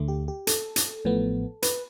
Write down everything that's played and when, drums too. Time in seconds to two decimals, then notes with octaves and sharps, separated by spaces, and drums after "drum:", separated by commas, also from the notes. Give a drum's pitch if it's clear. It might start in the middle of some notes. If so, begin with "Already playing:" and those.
Already playing: D2 D3 A3
0.08 G4
0.28 G4
0.47 A4, drum: hi-hat
0.76 drum: hi-hat
1.05 A1 A2 F3 B3
1.63 B4, drum: hi-hat